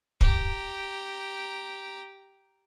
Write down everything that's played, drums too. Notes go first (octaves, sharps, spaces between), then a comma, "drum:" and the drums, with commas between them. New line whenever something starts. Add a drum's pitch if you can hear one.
G4 A#5, drum: kick